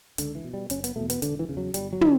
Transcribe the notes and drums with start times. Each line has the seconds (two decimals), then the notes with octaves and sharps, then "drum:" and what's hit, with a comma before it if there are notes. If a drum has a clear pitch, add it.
0.18 C#2 D3, drum: hi-hat
0.35 E3
0.44 B2
0.54 G3
0.70 F#1 C#4, drum: hi-hat
0.84 B3, drum: hi-hat
0.96 E2 B2 A3
1.10 B3, drum: hi-hat
1.22 E1 D3, drum: hi-hat
1.39 E3
1.49 E2 C#3
1.57 F#3
1.74 G1 G3, drum: hi-hat
1.93 F#3
2.01 D3, drum: tom